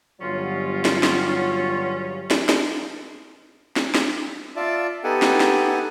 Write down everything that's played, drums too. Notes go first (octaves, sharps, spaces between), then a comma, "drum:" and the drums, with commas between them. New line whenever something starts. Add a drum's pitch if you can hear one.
G1 F#3 C#4 F4
drum: snare
drum: snare
drum: snare
drum: snare
drum: snare
drum: snare
F4 D5 E5 A5
B3 D#4 G4 A4 F#5 G#5
drum: snare
drum: snare